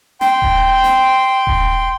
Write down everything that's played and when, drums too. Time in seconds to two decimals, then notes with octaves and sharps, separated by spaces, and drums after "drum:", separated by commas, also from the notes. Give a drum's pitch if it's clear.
0.21 G5 C6, drum: snare
0.42 drum: kick D#1
0.84 drum: snare
1.47 drum: kick D#1